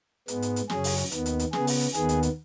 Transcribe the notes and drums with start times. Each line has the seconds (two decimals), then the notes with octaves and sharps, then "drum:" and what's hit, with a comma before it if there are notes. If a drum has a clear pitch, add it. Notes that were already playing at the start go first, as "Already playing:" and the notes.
0.28 G#2 G#3 B3, drum: hi-hat
0.42 drum: hi-hat
0.56 drum: hi-hat
0.70 F#2 C#3 F#3 C#4 G#4, drum: snare
0.84 drum: open hi-hat
0.98 drum: hi-hat
1.12 D#2 D#3 B3, drum: hi-hat
1.26 drum: hi-hat
1.39 drum: hi-hat
1.53 C#3 B3 G#4, drum: snare
1.67 drum: open hi-hat
1.81 drum: hi-hat
1.94 D#2 D#3 B3 G#4, drum: hi-hat
2.09 drum: hi-hat
2.23 drum: hi-hat